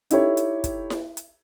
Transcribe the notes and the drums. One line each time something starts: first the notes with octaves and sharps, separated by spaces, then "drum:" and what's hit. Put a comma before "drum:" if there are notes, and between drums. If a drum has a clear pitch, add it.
D#4 E4 G4 A4 C#5, drum: hi-hat
drum: hi-hat
drum: kick, hi-hat
drum: snare E4
drum: hi-hat